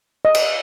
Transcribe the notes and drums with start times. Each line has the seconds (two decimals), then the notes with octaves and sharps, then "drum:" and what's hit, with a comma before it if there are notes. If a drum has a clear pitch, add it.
0.25 D#5
0.34 drum: cymbal